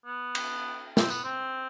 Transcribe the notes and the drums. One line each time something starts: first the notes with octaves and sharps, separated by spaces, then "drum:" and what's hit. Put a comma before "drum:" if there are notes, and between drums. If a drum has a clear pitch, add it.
B3
drum: cymbal
C4, drum: snare
B3, drum: tambourine
C4